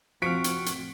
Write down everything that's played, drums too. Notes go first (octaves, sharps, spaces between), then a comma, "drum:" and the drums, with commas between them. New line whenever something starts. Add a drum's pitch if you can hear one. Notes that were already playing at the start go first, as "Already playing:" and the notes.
F1 A2 F3 C4 F#4 F6 B6 D7
drum: hi-hat
drum: hi-hat